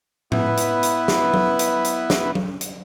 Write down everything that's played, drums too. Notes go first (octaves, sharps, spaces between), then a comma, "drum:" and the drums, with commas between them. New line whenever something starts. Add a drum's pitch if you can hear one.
B3 E4 B4, drum: tom A2
drum: hi-hat
drum: hi-hat
drum: snare
drum: tom F#3
drum: hi-hat
drum: hi-hat
drum: snare
drum: tom F#3
drum: hi-hat